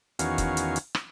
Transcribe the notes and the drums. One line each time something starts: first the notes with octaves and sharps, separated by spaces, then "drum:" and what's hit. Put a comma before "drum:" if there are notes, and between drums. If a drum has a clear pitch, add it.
E2 D#3 C#4 F#4 F5, drum: hi-hat
drum: kick, hi-hat
drum: hi-hat
drum: hi-hat
drum: rim click